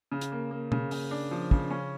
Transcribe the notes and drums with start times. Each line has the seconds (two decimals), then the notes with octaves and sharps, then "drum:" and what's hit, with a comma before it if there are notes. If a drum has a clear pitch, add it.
0.12 C#3
0.21 drum: hi-hat
0.32 A#3
0.51 A#3
0.72 C#3, drum: tom B2
0.91 C#3, drum: open hi-hat
1.11 D4
1.31 F3
1.51 C#3, drum: kick
1.70 C#4